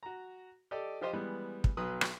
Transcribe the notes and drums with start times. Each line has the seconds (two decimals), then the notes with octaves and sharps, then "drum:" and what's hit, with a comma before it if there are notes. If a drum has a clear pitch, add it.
0.03 F#4 A#5
0.71 G4 A4 D5 D#5
1.01 F3 F4 G4 C5 D#5
1.13 E3 G3 G#3 B3
1.64 drum: kick
1.77 B1 F#3 B4 D#6
2.01 drum: rim click